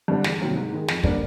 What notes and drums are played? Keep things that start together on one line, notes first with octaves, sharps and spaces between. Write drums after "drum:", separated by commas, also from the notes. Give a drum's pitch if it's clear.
G2 D3 G3
E2, drum: snare
C3 D#3 F#3 A#3
G#2
D#3 G#3
F2, drum: snare
D3 G3 A#3 D4, drum: kick